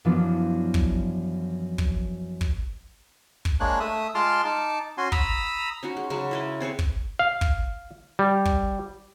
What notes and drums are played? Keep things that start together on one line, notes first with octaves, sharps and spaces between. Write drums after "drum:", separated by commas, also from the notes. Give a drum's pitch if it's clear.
F#2 E3 F3 B3 D4 F4
drum: kick
drum: kick
drum: kick
drum: kick
G#3 A#3 D4 C#5 F#6
A3 E5 D#6
G#3 F4 A5 C6 D6 F6
D#4 A5 D6
C#4 F#4 G#5 C6
A#5 B5 D#6 E6, drum: kick
C#4 D#4 F#4
G#3
C#3 F#3 G#3
E4 B4 D#5
C4 G#4 B4 C#5
drum: kick
F5
drum: kick
G3
drum: kick